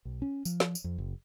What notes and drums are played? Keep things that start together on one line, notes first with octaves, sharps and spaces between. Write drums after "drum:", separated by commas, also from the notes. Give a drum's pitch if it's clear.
B1
C#4
F3, drum: tambourine
drum: snare
drum: tambourine
F2
F#1